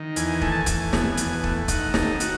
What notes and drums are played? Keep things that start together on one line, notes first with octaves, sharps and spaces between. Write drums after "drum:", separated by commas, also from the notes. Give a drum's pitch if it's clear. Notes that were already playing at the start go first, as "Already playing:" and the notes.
Already playing: D#3
E2 G#5, drum: hi-hat
A3 G#5, drum: kick
A5
G#5
E2, drum: kick, hi-hat
B2, drum: snare
E2, drum: hi-hat
A3, drum: kick
D#4 F#5, drum: kick, hi-hat
D#3 A4, drum: snare
F#4, drum: hi-hat